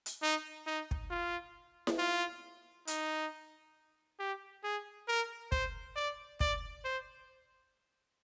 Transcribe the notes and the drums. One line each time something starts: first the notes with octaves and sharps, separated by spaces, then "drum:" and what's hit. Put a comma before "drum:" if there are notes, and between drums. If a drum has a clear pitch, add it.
drum: hi-hat
D#4
D#4
drum: kick
F4
drum: snare E4
F4
D#4, drum: hi-hat
G4
G#4
A#4
C5, drum: kick
D5
D5, drum: kick
C5